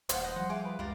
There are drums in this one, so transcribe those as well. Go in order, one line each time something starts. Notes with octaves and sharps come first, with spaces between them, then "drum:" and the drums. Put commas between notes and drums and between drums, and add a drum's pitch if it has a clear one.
D#1 C5 D5 F5 F#5, drum: hi-hat
B4 D#5 A5
F3 G3 F#5
F4 G#4 E5 D6
B4
C#2 F#2 G3 G#3 F4 A#4 D5